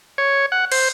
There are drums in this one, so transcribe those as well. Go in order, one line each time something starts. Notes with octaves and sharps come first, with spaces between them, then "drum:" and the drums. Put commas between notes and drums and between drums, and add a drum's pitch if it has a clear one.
C#5
F#5
C5, drum: cymbal